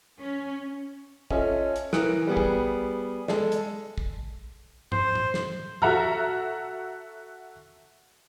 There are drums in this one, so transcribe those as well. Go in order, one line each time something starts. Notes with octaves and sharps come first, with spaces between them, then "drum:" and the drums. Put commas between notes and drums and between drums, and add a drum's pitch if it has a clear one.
C#4
C#4 F4 A4 D#5 E5, drum: kick
drum: hi-hat
E3 A#4 D#6 F#6 C#7 D7, drum: snare
G3 B3 G#4
drum: kick
G#3 A4, drum: snare
drum: hi-hat
drum: kick
C5, drum: tom G2
drum: tom A2
drum: snare
F#4 A4 E5 F#5 A#5 F6, drum: tom A2